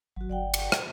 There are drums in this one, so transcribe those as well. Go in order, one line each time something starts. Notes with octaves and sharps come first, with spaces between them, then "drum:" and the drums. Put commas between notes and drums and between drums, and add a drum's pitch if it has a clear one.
G#1 F#3 F#4
G1 D5 F#5 G5
drum: cymbal
drum: rim click